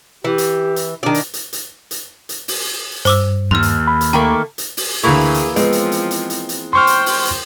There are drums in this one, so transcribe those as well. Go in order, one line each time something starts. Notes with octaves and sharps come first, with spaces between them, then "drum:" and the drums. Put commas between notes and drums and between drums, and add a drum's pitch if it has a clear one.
E3 G4
drum: hi-hat
drum: hi-hat
D#3 D4 D5
drum: hi-hat
drum: hi-hat
drum: hi-hat
drum: hi-hat
drum: hi-hat
drum: open hi-hat
G2 C5 D6 E6, drum: hi-hat
D#2 C6 F6
drum: hi-hat
B5
drum: hi-hat
D#3 A3 A#3 A#5
drum: hi-hat
drum: open hi-hat
D2 E3 A#3 E4 G#4 C#6
drum: hi-hat
F3 G#3 B3 C4, drum: hi-hat
drum: hi-hat
drum: hi-hat
drum: hi-hat
drum: hi-hat
drum: hi-hat
C5 G5 C6 C#6 F6
drum: hi-hat
drum: open hi-hat
drum: hi-hat